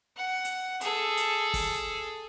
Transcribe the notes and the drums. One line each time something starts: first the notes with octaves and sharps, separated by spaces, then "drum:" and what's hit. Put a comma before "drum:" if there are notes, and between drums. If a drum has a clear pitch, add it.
F#5
drum: hi-hat
G#4 A4, drum: hi-hat
drum: hi-hat
drum: kick, open hi-hat